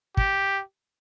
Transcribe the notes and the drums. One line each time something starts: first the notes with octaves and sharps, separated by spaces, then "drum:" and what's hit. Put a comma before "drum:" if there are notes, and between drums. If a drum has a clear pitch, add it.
G4, drum: kick